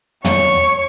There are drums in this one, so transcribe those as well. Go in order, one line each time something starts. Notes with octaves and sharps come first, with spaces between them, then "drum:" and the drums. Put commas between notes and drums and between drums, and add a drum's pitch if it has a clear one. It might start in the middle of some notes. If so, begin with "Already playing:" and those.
C#5 C#6, drum: tom